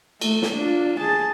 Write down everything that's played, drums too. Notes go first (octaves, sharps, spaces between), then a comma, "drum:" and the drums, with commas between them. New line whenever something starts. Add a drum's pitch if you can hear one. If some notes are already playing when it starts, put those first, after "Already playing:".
A3, drum: cymbal
drum: snare
D4 F4
G#4 A5